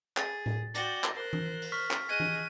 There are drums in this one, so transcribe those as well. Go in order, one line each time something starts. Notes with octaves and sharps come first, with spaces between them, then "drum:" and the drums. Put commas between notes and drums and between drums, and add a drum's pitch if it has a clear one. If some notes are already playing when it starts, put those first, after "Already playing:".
G#4 A6, drum: clap
drum: tom A2
F#4 D5 G5 G6 A6 A#6, drum: hi-hat
drum: clap
A#4 C5 F#6
drum: tom E3
drum: open hi-hat
C#6 F6 B6
drum: clap
G#4 D#5 F#6 G#6 D#7
drum: tom E3